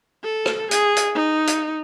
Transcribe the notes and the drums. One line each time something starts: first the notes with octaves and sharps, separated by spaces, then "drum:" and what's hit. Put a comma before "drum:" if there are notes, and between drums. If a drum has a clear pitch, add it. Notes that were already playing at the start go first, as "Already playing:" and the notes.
A4
drum: rim click
G#4, drum: hi-hat
drum: hi-hat
D#4
drum: hi-hat